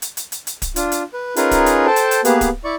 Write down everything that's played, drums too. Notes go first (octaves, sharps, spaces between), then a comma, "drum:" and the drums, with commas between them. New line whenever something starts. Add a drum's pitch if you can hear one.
drum: hi-hat
drum: hi-hat
drum: hi-hat
drum: hi-hat
drum: kick D1, hi-hat
D4 F4, drum: hi-hat
drum: hi-hat
B4
C#4 D#4 F4 G#4 A#4 B4, drum: hi-hat
drum: kick D1, hi-hat
drum: hi-hat
A4 C5 G5 A5
drum: hi-hat
drum: hi-hat
A#3 B3 G4 G#4 B4, drum: hi-hat
drum: kick D1, hi-hat
E4 D5 C#6